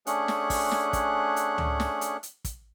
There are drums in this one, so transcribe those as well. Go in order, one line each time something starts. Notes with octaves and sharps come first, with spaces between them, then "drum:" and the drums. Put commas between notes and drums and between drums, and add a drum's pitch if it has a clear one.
A3 C#4 D4 G#4 F#5 F#6, drum: hi-hat
drum: snare
drum: kick, open hi-hat
drum: snare
drum: kick, hi-hat
drum: hi-hat
drum: tom C#2
drum: snare
drum: hi-hat
drum: hi-hat
drum: kick, hi-hat